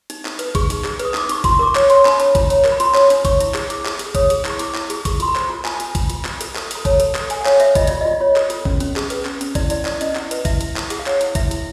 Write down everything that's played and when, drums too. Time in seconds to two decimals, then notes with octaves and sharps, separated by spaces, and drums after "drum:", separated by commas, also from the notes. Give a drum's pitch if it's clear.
0.10 D#4, drum: hi-hat
0.25 D#4, drum: clap
0.39 B4, drum: hi-hat
0.55 G#4 C#6, drum: kick, hi-hat
0.70 D#4, drum: hi-hat
0.84 G#4, drum: clap
0.99 B4, drum: hi-hat
1.05 D#6
1.14 D#4 D6, drum: clap
1.29 D#4 C#6, drum: hi-hat
1.44 F4 C6, drum: kick, hi-hat
1.59 A#4 D6
1.67 C#6
1.75 C#5, drum: clap
1.90 C#5 C6, drum: hi-hat
2.05 D4 B5, drum: clap
2.20 C#5 A5, drum: hi-hat
2.35 F4 A#5, drum: kick, hi-hat
2.50 C#5, drum: hi-hat
2.65 A#4, drum: clap
2.72 B5
2.80 F4 C6, drum: hi-hat
2.94 C#5, drum: clap
3.10 D4, drum: hi-hat
3.25 C#5 C#6, drum: kick, hi-hat
3.40 E4, drum: hi-hat
3.54 G#4, drum: clap
3.70 E4 D6, drum: hi-hat
3.85 G#4, drum: clap
3.99 G#4, drum: hi-hat
4.15 C#5 D#6, drum: kick, hi-hat
4.30 G#4, drum: hi-hat
4.45 E4, drum: clap
4.50 C#6
4.59 E4 D6, drum: hi-hat
4.74 E4, drum: clap
4.90 G#4, drum: hi-hat
5.05 A4 C#6, drum: kick, hi-hat
5.20 F4 C6, drum: hi-hat
5.27 B5
5.36 C5, drum: clap
5.50 F4 A#5
5.65 F4 G#5, drum: clap
5.73 A5
5.80 F4, drum: hi-hat
5.95 F4, drum: kick, hi-hat
6.10 F4, drum: hi-hat
6.25 F4, drum: clap
6.41 A4, drum: hi-hat
6.55 A4, drum: clap
6.71 A4 A#5, drum: hi-hat
6.85 C#5 A5, drum: kick, hi-hat
7.00 A4, drum: hi-hat
7.15 A4, drum: clap
7.30 A4 G#5, drum: hi-hat
7.41 F#5
7.45 C#5 F5, drum: clap
7.60 C#5 E5, drum: hi-hat
7.75 F4 D#5, drum: kick, hi-hat
7.87 F4 D5, drum: hi-hat
8.01 F4 D#5
8.20 F4 C#5
8.36 A4, drum: clap
8.50 F4, drum: hi-hat
8.65 C#4, drum: kick
8.80 C#4, drum: hi-hat
8.96 G#4, drum: clap
9.10 B4, drum: hi-hat
9.25 C#4, drum: clap
9.41 C#4, drum: hi-hat
9.55 E4 D5, drum: kick, hi-hat
9.70 E4 D5, drum: hi-hat
9.85 E4 D5, drum: clap
10.01 C#4 D#5, drum: hi-hat
10.15 E4 F#5, drum: clap
10.31 B4, drum: hi-hat
10.45 E4 E5, drum: kick, hi-hat
10.61 E4, drum: hi-hat
10.76 E4, drum: clap
10.90 G#4 F#5, drum: hi-hat
10.99 F5
11.06 C#5 F#5, drum: clap
11.21 E4, drum: hi-hat
11.35 E4 E5, drum: kick, hi-hat
11.51 E4, drum: hi-hat